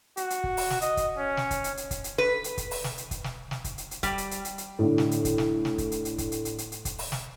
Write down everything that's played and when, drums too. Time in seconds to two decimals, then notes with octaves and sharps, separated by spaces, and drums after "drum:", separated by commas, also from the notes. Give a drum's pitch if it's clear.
0.17 F#4, drum: hi-hat
0.30 drum: hi-hat
0.44 drum: kick
0.57 drum: open hi-hat
0.70 drum: snare
0.81 D#5, drum: hi-hat
0.97 drum: kick, hi-hat
1.17 C#4
1.37 drum: snare
1.51 drum: kick, hi-hat
1.64 drum: hi-hat
1.77 drum: hi-hat
1.91 drum: kick, hi-hat
2.04 drum: hi-hat
2.18 B4
2.44 drum: hi-hat
2.57 drum: kick, hi-hat
2.71 drum: open hi-hat
2.84 drum: snare
2.98 drum: hi-hat
3.11 drum: kick, hi-hat
3.24 drum: snare
3.51 drum: snare
3.64 drum: kick, hi-hat
3.78 drum: hi-hat
3.91 drum: hi-hat
4.03 G3, drum: kick, hi-hat
4.18 drum: hi-hat
4.31 drum: hi-hat
4.45 drum: hi-hat
4.58 drum: hi-hat
4.79 A2 D3
4.98 drum: snare
5.11 drum: hi-hat
5.25 drum: kick, hi-hat
5.38 drum: snare
5.65 drum: snare
5.78 drum: kick, hi-hat
5.92 drum: hi-hat
6.05 drum: hi-hat
6.18 drum: kick, hi-hat
6.32 drum: hi-hat
6.45 drum: hi-hat
6.58 drum: hi-hat
6.72 drum: hi-hat
6.85 drum: kick, hi-hat
6.98 drum: open hi-hat
7.12 drum: snare